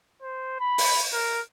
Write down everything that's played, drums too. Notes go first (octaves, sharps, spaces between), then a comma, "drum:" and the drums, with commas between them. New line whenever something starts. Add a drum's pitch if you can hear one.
C5
B5
drum: open hi-hat
A#4